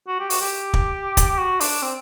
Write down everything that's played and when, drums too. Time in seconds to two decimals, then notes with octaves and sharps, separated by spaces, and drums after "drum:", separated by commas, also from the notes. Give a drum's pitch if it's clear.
0.08 F#4
0.20 G4
0.30 F#4, drum: open hi-hat
0.41 G4
0.74 drum: kick
1.17 drum: kick, hi-hat
1.38 F#4
1.60 D4, drum: open hi-hat
1.82 C4